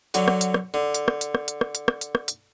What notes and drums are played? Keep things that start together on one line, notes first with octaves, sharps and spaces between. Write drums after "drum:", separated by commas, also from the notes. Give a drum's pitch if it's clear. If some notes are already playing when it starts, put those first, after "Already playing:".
D3 F#3, drum: hi-hat
drum: rim click
drum: hi-hat
drum: rim click
D3
drum: hi-hat
drum: rim click
drum: hi-hat
drum: rim click
drum: hi-hat
drum: rim click
drum: hi-hat
drum: rim click
drum: hi-hat
drum: rim click
drum: hi-hat